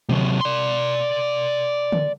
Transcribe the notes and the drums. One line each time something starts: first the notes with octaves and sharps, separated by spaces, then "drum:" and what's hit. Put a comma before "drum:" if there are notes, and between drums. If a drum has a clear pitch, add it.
C3 F#3, drum: tom
D5 C6
drum: tom